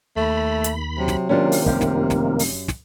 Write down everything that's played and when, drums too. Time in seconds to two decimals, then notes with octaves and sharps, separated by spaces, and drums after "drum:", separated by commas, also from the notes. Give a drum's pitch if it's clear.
0.16 D#2 A3 B5
0.64 drum: hi-hat
0.98 C3 F#3
1.08 drum: snare
1.29 C3 D#3 A#3 C#4 D4 F4
1.52 drum: open hi-hat
1.66 F1 F#2 G4 F5, drum: kick
1.81 drum: snare
2.10 drum: snare
2.39 drum: open hi-hat
2.68 drum: snare